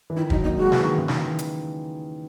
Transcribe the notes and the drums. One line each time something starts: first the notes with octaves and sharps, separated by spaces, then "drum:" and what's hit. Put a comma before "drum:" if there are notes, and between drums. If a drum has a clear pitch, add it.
E3
D#3 E4
F#3 D#4, drum: kick
A#3 D#4
G#3 F#4
E3, drum: snare
D#3
C#3
D#3, drum: snare
E3
drum: hi-hat